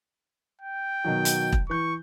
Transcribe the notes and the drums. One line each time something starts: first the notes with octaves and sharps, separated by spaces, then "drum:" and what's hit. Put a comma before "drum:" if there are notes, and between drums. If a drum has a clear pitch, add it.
G5
B2 D#3 F#3
drum: hi-hat
drum: kick E1
E3 C#6 G6